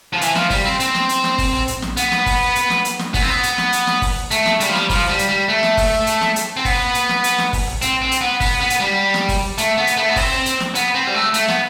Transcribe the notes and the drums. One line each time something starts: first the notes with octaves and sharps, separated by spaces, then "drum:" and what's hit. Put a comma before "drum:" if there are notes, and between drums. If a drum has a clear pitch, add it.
F3
E3, drum: hi-hat
F3, drum: snare
G3, drum: kick, open hi-hat
C4
C4, drum: hi-hat
drum: snare
drum: hi-hat
drum: snare
drum: kick, open hi-hat
drum: tom A#1
drum: hi-hat
drum: snare
B3, drum: hi-hat
drum: snare
drum: kick, open hi-hat
drum: hi-hat
drum: snare
drum: hi-hat
drum: snare
B3, drum: kick, open hi-hat
C4
B3
drum: hi-hat
drum: snare
drum: hi-hat
drum: snare
drum: kick, open hi-hat
A3, drum: hi-hat
drum: snare
G3, drum: hi-hat
F3
G3, drum: snare
F3, drum: kick, open hi-hat
G3
drum: hi-hat
G3
A3
drum: snare
drum: kick, open hi-hat
drum: hi-hat
drum: snare
drum: hi-hat
C4
B3, drum: kick, open hi-hat
drum: hi-hat
drum: snare
drum: hi-hat
drum: snare
drum: kick, open hi-hat
drum: tom A#1
C4, drum: hi-hat
C4
drum: hi-hat
B3
B3, drum: kick, open hi-hat
B3
drum: hi-hat
G3
drum: snare
drum: kick, open hi-hat
A3, drum: hi-hat
B3
drum: hi-hat
A3
B3
C4, drum: kick, open hi-hat
drum: hi-hat
drum: snare
B3, drum: hi-hat
C4
G3
A3
A3, drum: hi-hat
B3, drum: snare